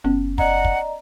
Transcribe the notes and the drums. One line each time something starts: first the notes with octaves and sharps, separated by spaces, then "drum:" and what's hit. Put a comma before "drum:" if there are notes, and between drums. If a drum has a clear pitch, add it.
F#1 B3 C#4
D5 D#5 F#5 A#5, drum: kick
drum: kick